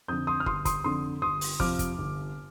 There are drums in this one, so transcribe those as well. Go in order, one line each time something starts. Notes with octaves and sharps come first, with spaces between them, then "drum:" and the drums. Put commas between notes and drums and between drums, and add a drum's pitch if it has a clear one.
F2 D3 D#6 G6
C6 D#6
F6
G1 C6 D#6, drum: kick
C6 D#6, drum: kick, hi-hat
F2 D3 C6 D#6
G1 C6 D#6
drum: open hi-hat
F2 C3 F3 D6 F6, drum: kick
drum: kick, hi-hat
G1